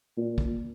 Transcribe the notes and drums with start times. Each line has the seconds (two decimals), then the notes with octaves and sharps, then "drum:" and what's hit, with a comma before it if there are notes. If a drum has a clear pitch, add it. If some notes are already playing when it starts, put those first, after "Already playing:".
0.17 A#2
0.38 drum: kick